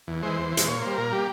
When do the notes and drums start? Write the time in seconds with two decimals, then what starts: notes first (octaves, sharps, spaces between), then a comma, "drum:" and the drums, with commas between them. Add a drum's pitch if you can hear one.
0.07 E2
0.23 E3 G#3 C5
0.38 E2
0.52 E3
0.57 G#3, drum: hi-hat
0.67 A#2 C#5
0.82 G3 A#3 C5
0.97 A#2 A#4
1.12 G3 A#3 G4